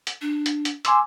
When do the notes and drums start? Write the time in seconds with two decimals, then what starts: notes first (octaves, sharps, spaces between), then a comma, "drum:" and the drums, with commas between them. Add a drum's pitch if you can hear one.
0.07 drum: hi-hat
0.21 D4
0.46 drum: hi-hat
0.65 drum: hi-hat
0.85 G#5 C6 D6 E6, drum: hi-hat